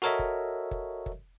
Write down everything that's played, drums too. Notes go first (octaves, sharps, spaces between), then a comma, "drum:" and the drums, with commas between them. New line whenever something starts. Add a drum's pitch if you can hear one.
F#4 A4 A#4 C#5 D#5 E5
drum: kick F#1
drum: kick F#1
drum: kick F#1